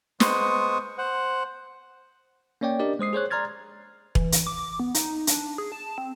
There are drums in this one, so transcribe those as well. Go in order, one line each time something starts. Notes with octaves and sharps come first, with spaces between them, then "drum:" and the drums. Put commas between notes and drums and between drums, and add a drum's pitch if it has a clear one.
G#3 B3 C5 C#6 D#6, drum: snare
C5 F#5
A#3 C#4 C#5 D5 G5
D4 G4 A#4 D5 D#5
G#3 C5 D#6 C7
G#4 C5 C#5 F#6
D5 A#5 C6 F6 G#6 A6
E3, drum: kick E1
drum: hi-hat
D6
B3
D#4, drum: hi-hat
D4, drum: hi-hat
G#4
A5
C4